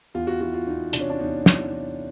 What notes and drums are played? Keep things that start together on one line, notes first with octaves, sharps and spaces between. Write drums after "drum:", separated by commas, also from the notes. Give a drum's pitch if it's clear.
E2 F4
F#4
E3 F#4
F4
E2 D#4
C3 D4, drum: hi-hat
C#4
D4
E2 D#4
E3, drum: snare
E3